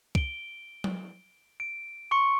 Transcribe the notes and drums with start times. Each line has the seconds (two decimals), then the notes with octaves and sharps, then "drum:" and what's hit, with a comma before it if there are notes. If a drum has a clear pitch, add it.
0.15 D7 G7, drum: kick
0.84 drum: tom F#3
1.60 D7
2.11 C6 C#6 C#7